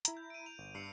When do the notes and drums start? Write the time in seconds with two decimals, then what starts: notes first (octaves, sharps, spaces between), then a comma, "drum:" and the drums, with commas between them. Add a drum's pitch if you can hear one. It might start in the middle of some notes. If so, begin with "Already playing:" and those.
0.05 E4 A#5, drum: hi-hat
0.17 G6
0.30 D7 D#7
0.46 F7
0.58 G1
0.75 G2 E6 C7 C#7